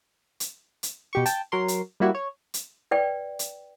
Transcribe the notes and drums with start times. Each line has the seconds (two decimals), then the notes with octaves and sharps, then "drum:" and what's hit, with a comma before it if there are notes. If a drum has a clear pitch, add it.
0.40 drum: hi-hat
0.83 drum: hi-hat
1.13 B2 G4 C#6
1.26 G5 A5, drum: hi-hat
1.52 F#3 A#4 C6
1.68 drum: hi-hat
2.00 G3 A#3 E4 F#4
2.15 C#5
2.54 drum: hi-hat
2.91 B4 D5 G5
3.39 drum: hi-hat